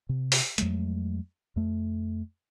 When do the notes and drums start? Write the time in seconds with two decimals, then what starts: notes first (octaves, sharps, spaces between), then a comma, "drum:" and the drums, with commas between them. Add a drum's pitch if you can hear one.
0.09 C3
0.32 drum: open hi-hat
0.58 F2 F#3 G#3 A3, drum: hi-hat
1.56 F2 A3